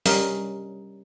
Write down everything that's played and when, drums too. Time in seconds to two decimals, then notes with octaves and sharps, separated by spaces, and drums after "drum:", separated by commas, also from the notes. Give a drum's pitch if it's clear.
0.06 G3 C#4 A#4 D#5 F5, drum: open hi-hat